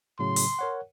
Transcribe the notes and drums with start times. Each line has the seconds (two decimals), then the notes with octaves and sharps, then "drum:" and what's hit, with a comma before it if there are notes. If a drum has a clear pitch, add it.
0.19 A2 C#3 F#3 C6
0.36 drum: open hi-hat
0.59 A#4 C#5 F#5